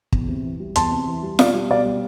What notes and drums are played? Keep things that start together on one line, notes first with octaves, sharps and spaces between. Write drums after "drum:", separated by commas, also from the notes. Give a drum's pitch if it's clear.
E2, drum: kick
C3
E3
G3
E2 A5 C6, drum: hi-hat
C3
E3
G3
B2 D5 F5, drum: snare F4
G3
B2 D5 F5
G3